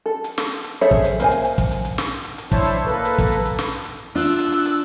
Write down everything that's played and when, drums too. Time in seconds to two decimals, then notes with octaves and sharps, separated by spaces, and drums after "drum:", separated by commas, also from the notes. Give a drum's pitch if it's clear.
0.06 A4
0.24 drum: hi-hat
0.38 drum: snare
0.51 drum: hi-hat
0.64 drum: hi-hat
0.81 G#4 A4 C5 C#5 E5
0.91 drum: kick
1.05 drum: hi-hat
1.20 A#3 C5 G#5, drum: hi-hat
1.31 drum: hi-hat
1.45 drum: hi-hat
1.58 drum: kick, hi-hat
1.71 drum: hi-hat
1.85 drum: hi-hat
1.98 drum: snare
2.11 drum: hi-hat
2.25 drum: hi-hat
2.38 drum: hi-hat
2.52 D4 E4 C5 C#5 E5 A5, drum: kick, hi-hat
2.65 drum: hi-hat
2.86 A#3 A4 B4
3.05 drum: hi-hat
3.18 drum: kick, hi-hat
3.32 drum: hi-hat
3.45 drum: hi-hat
3.59 drum: snare
3.72 drum: hi-hat
3.85 drum: hi-hat
4.15 D4 F4 E6 F#6
4.25 drum: hi-hat
4.39 drum: hi-hat
4.52 drum: hi-hat
4.66 drum: hi-hat